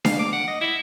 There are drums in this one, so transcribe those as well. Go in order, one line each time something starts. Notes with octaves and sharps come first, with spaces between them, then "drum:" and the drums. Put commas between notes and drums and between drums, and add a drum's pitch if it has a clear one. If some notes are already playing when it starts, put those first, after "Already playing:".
F5, drum: snare D4
D6
F#5
D#5
E4